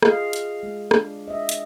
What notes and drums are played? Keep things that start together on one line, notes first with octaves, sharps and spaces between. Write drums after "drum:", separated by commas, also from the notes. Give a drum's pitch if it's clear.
F4 G#4 D#5 F5, drum: rim click
drum: hi-hat
G#3
D4, drum: rim click
D#5 E5
drum: hi-hat